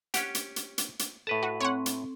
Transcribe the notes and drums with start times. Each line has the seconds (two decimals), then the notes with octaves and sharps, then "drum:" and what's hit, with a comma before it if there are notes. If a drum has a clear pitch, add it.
0.14 C#4 G4 F#5 F6 B6, drum: hi-hat
0.35 drum: hi-hat
0.56 drum: hi-hat
0.78 drum: hi-hat
0.99 drum: hi-hat
1.27 A2 A4 B4 A5
1.43 F#4
1.60 C4 C#5 F#5 C6 C#6
1.86 drum: hi-hat